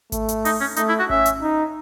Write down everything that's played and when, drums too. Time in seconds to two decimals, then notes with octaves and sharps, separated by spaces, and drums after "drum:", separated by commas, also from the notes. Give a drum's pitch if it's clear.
0.12 A3, drum: kick G#1, hi-hat
0.28 drum: hi-hat
0.45 D#4, drum: open hi-hat
0.60 C#4
0.76 A3 D#4, drum: hi-hat
0.88 E4
0.99 F#4
1.10 C#4 E5, drum: kick G#1
1.26 drum: hi-hat
1.42 D#4